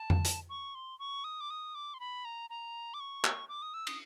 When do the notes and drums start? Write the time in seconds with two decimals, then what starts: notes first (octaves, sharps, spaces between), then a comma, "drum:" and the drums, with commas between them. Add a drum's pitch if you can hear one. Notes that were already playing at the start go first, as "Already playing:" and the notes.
Already playing: A5
0.10 drum: tom F2
0.25 drum: hi-hat
0.49 C#6
0.75 C6
0.99 C#6
1.24 D#6
1.41 D6
1.50 D#6
1.75 D6
1.94 C6
2.00 B5
2.25 A#5
2.50 A#5
2.94 D6
3.00 C#6
3.24 drum: clap
3.49 D6
3.62 D#6
3.74 E6
3.87 D#6, drum: cymbal